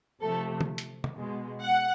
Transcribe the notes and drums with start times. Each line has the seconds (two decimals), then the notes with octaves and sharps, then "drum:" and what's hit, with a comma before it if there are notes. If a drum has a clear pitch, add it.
0.20 C3 F3 A3 A4
0.61 drum: tom D3
0.78 drum: hi-hat
1.04 drum: tom
1.15 B2 G#3
1.61 F#5